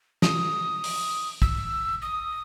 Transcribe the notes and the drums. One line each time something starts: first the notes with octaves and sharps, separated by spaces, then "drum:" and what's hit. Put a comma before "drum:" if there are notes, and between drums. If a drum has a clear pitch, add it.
D#6, drum: snare
drum: open hi-hat
E6, drum: kick
D#6